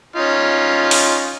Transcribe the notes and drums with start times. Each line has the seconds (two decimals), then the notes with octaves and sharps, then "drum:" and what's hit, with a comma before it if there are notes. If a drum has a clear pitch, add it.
0.16 C#4 D#4 F4
0.91 drum: open hi-hat